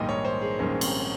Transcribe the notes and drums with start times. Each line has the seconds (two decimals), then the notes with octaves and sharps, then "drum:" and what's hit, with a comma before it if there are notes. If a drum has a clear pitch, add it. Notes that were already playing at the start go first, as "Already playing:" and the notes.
Already playing: A#1 G#2 D#3 G3 A#3 D#5
0.09 C#5
0.25 C5
0.42 G#4
0.59 A#1 G#2 D#3 G3 A#3 C#4
0.81 C4, drum: cymbal